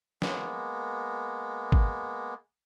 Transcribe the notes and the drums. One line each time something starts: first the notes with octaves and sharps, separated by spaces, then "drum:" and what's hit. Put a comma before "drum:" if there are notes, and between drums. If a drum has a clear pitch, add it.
G#3 A#3 B3, drum: snare
drum: kick